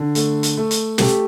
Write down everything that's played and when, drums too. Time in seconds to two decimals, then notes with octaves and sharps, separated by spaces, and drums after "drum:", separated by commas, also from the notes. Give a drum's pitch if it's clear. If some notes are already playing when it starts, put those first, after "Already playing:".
Already playing: D3
0.15 A3, drum: hi-hat
0.43 drum: hi-hat
0.57 A3
0.71 drum: hi-hat
0.98 A3 G4, drum: snare